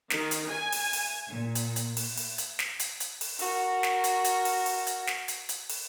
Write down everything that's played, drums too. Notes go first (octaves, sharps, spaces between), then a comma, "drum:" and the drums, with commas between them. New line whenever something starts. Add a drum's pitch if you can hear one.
D#3, drum: snare
drum: hi-hat
G#5
drum: open hi-hat
drum: open hi-hat
A#2
drum: hi-hat
drum: hi-hat
drum: open hi-hat
drum: open hi-hat
drum: hi-hat
drum: snare
drum: hi-hat
drum: hi-hat
drum: open hi-hat
F#4 A#4, drum: open hi-hat
drum: snare
drum: hi-hat
drum: hi-hat
drum: open hi-hat
drum: open hi-hat
drum: hi-hat
drum: snare
drum: hi-hat
drum: hi-hat
drum: open hi-hat